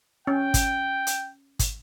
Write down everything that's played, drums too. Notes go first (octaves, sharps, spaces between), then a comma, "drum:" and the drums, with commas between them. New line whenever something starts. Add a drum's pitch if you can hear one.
C#4 G5
drum: kick, hi-hat
drum: hi-hat
drum: kick, hi-hat